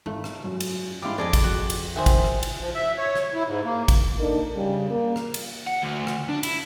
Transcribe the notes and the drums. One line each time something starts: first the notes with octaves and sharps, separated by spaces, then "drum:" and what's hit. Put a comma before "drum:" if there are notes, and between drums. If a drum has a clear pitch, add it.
G#1 A3
drum: rim click
F#2 F#4
drum: cymbal
G#2 G3 E4 D5 F5 C6 D6
F2 C#4 G#4 D5 D#5
drum: kick, cymbal
F#4
drum: cymbal
D#3 C4 E5 G#5 D#6
drum: kick, cymbal
drum: rim click
drum: cymbal
F3
E5
C#5
drum: rim click
E4
G#2
A#3
drum: kick, cymbal
A#3 D4 D#4 A4 A#4
C#3 G3
A#3
drum: rim click
drum: cymbal
F#5
D2
drum: rim click
D4
E4, drum: cymbal